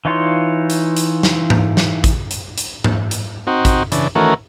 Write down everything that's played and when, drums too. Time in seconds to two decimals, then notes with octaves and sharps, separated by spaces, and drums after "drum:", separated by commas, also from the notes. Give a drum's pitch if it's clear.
0.05 E3 D#4 F4 C#5
0.70 drum: hi-hat
0.97 drum: hi-hat
1.23 drum: snare
1.50 drum: tom G#2
1.77 drum: snare
2.04 drum: kick A1, hi-hat
2.31 drum: hi-hat
2.58 drum: hi-hat
2.84 drum: tom G#2
3.11 drum: hi-hat
3.47 C4 D#4 F#4
3.65 drum: kick A1, hi-hat
3.92 C#3 E3 D4, drum: hi-hat
4.15 D#3 E3 A3 C#4 F#4 A#4